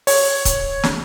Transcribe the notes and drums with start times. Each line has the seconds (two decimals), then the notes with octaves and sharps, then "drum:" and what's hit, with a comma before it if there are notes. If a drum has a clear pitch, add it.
0.07 C#5, drum: open hi-hat
0.45 drum: kick, hi-hat
0.83 drum: snare